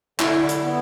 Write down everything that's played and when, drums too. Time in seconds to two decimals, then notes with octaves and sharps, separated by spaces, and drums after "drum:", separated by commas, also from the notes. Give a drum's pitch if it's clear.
0.20 D3 E4, drum: clap
0.49 drum: hi-hat
0.63 B3